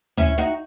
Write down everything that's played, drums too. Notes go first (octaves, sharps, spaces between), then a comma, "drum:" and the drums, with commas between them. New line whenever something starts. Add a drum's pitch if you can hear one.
C#4 E4, drum: tom D2
D#4 F#4